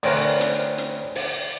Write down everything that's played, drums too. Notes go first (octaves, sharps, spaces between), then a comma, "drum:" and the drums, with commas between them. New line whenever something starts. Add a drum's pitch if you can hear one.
D2 C4 C#4 A#4 B4, drum: open hi-hat
drum: hi-hat
drum: hi-hat
drum: open hi-hat